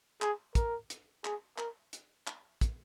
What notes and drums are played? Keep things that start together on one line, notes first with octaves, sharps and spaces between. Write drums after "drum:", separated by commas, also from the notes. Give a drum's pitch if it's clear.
G#4, drum: clap
A#4, drum: kick, hi-hat
drum: hi-hat
G#4, drum: clap
A#4, drum: clap
drum: hi-hat
drum: clap
drum: kick, hi-hat